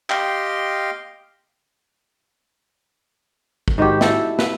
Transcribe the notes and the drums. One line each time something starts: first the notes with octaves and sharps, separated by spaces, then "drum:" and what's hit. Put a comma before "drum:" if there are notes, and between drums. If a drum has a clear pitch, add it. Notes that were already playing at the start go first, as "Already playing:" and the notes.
G4 D#5 F5 G5 C6, drum: clap
drum: kick
G#2 D#3 F#4 G4
E4 A4, drum: snare
B4, drum: snare